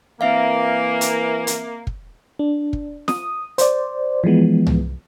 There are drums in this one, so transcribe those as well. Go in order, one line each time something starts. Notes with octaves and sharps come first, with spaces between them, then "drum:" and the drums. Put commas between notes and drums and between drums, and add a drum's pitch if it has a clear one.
E3 A#3 C4 E5 F5
drum: hi-hat
drum: hi-hat
drum: kick
D4
drum: kick
D#6, drum: snare
C5 D5, drum: hi-hat
E3 F3 G#3 B3
drum: tom C2